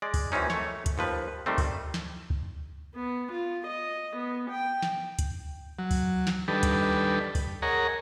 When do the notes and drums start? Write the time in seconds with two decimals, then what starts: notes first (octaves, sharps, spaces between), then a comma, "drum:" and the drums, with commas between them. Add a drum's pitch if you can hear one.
0.02 G#3 D5
0.14 drum: kick, open hi-hat
0.32 F#2 E3 C4 C#4 D#4
0.50 A3 C#5, drum: snare
0.86 drum: kick, hi-hat
0.98 D#2 F3 B4
1.46 D#3 G3 A3 C4
1.58 drum: kick, open hi-hat
1.94 drum: snare
2.30 drum: kick
2.95 B3
3.32 F4
3.67 D#5
4.17 B3
4.50 G5
4.83 drum: snare
5.19 drum: kick, hi-hat
5.79 F#3
5.91 drum: kick, open hi-hat
6.27 drum: snare
6.48 D#3 G3 D4 G4 A4 B4
6.63 drum: kick, hi-hat
7.35 drum: kick, open hi-hat
7.62 G#4 A#4 C#5 D#5 F#5 A#5